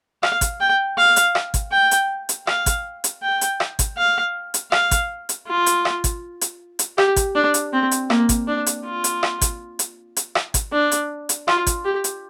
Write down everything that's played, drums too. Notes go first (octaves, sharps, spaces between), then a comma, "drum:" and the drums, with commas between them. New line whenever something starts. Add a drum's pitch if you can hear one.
F5, drum: rim click
drum: kick, hi-hat
G5
F5
drum: hi-hat
drum: rim click
drum: kick, hi-hat
G5
drum: hi-hat
drum: hi-hat
F5, drum: rim click
drum: kick, hi-hat
drum: hi-hat
G5
drum: hi-hat
drum: rim click
drum: kick, hi-hat
F5
drum: hi-hat
F5, drum: rim click
drum: kick, hi-hat
drum: hi-hat
F4
drum: hi-hat
drum: rim click
drum: kick, hi-hat
drum: hi-hat
drum: hi-hat
G4, drum: rim click
drum: kick, hi-hat
D4
drum: hi-hat
C4
drum: hi-hat
A#3, drum: rim click
drum: kick, hi-hat
D4
drum: hi-hat
F4
drum: hi-hat
drum: rim click
drum: kick, hi-hat
drum: hi-hat
drum: hi-hat
drum: rim click
drum: kick, hi-hat
D4
drum: hi-hat
drum: hi-hat
F4, drum: rim click
drum: kick, hi-hat
G4
drum: hi-hat